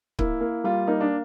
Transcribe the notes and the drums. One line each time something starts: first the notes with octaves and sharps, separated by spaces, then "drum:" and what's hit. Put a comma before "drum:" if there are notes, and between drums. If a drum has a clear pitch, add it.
A#3 E4, drum: kick C#1
A#3
G3 F4
A#3 D#4
D4